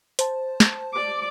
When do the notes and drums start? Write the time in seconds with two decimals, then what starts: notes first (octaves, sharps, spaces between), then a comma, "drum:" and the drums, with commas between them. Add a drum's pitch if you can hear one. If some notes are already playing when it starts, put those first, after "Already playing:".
0.19 C5 A5, drum: hi-hat
0.60 drum: snare
0.93 D5 D6